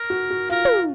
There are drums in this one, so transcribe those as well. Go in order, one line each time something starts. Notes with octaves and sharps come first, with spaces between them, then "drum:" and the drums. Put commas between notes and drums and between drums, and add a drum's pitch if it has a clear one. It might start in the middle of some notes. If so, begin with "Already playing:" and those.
Already playing: A#4
F#4
F#4
F4 A#4, drum: hi-hat
drum: tom